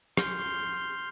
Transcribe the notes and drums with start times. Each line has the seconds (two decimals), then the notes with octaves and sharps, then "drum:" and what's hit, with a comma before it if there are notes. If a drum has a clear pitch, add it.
0.17 C6 F6 G6, drum: rim click